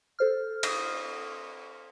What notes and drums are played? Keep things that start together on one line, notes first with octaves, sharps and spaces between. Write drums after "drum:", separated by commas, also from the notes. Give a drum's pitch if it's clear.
A4 C5 F6
drum: cymbal